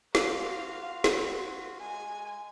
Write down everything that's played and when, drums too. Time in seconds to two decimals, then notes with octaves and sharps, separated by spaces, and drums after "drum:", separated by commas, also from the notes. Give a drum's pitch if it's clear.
0.15 F4 F#4 F5, drum: snare
1.04 drum: snare
1.80 G#3 G#5